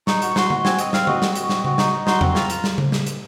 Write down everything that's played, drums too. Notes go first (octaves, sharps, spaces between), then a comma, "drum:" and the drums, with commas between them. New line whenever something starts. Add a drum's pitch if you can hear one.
D#4 C#6, drum: snare
F#4, drum: hi-hat
F#4 C6, drum: snare
F#4, drum: tom D3
C4 G#5, drum: snare
C4 D#5, drum: hi-hat
C4 F5, drum: snare
F#4 D#5, drum: tom D3
C4, drum: snare
F#4, drum: hi-hat
C4, drum: snare
F#4, drum: tom C#3
D#4 D#5, drum: snare
D#4
F#4 C6, drum: snare
C4, drum: tom E2
F4 A#5, drum: snare
F4, drum: hi-hat
drum: snare
drum: tom C#3
drum: snare
drum: hi-hat